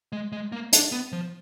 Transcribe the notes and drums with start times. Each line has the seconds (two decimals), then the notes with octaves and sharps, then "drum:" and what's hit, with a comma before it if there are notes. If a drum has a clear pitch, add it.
0.13 G#3
0.32 G#3
0.52 A#3
0.73 D4, drum: hi-hat
0.92 B3
1.12 F3